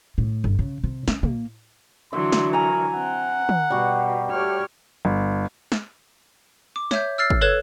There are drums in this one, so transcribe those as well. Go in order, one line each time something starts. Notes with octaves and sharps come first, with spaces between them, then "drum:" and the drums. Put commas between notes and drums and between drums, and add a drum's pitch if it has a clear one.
A2
G1
C#3
C3
C#4, drum: snare
A#3, drum: tom
D3 E3 F#3 E5 C6
drum: snare
A#4 G#5 A#5
C4 F#5
drum: tom
B2 G3 F#4
A3 G4 C#5 F6
G1
drum: snare
D6
C#5 E5 G6, drum: snare
E6 F6 A6 C7
drum: kick
A4 B4 C#5 F#6 G#6 E7